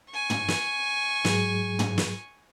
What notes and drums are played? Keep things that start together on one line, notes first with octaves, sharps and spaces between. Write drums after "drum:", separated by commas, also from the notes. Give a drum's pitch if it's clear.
G#5 C#6
drum: tom
drum: snare
G#2 F#3 G#4, drum: snare
drum: tom
drum: snare